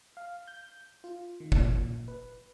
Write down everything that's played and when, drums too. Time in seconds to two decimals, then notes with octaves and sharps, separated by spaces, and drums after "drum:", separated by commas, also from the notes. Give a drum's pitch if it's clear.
0.17 F5
0.48 G6
1.04 F4
1.40 D#3
1.52 A#2, drum: kick
2.08 B4